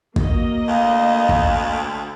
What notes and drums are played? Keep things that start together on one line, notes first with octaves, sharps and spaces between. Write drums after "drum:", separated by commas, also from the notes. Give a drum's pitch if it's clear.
A#3 F#4 D#5, drum: kick
D2 F5
drum: kick